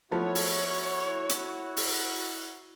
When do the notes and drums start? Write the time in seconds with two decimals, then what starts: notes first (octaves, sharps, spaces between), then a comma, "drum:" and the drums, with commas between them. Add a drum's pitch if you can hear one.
0.11 F3 A3 B3 E4 F#4 C#5
0.35 drum: open hi-hat
1.29 drum: hi-hat
1.77 drum: open hi-hat